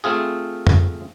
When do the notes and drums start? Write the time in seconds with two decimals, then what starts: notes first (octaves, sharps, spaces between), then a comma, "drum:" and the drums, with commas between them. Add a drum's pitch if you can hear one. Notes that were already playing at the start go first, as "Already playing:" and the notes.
0.04 A3 C4 F4 G#4
0.67 drum: tom